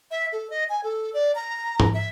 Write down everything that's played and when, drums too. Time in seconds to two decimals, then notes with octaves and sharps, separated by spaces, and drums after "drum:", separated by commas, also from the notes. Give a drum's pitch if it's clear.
0.11 E5
0.32 A4
0.50 D#5
0.69 G#5
0.84 A4
1.14 D5
1.35 A#5
1.80 drum: tom G#2
1.94 E5